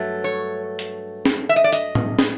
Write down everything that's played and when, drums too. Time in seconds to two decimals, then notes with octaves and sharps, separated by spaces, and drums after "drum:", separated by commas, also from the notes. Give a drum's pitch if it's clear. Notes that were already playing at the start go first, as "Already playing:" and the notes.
Already playing: G2 F#3 A3
0.24 C#5
0.79 drum: hi-hat
1.25 drum: snare
1.49 E5
1.56 D#5
1.64 D5
1.73 D#5, drum: hi-hat
1.95 drum: tom
2.19 drum: snare